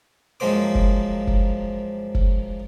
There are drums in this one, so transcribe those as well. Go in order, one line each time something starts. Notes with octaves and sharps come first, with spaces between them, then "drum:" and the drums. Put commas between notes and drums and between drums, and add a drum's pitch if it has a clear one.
F#2 F3 G#3 A#3 C5 D6
drum: kick
drum: kick
drum: kick